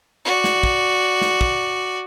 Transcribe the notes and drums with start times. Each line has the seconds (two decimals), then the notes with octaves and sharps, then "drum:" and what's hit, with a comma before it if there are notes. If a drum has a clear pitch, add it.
0.25 F#4 D5
0.44 drum: snare
0.63 drum: kick
1.21 drum: snare
1.41 drum: kick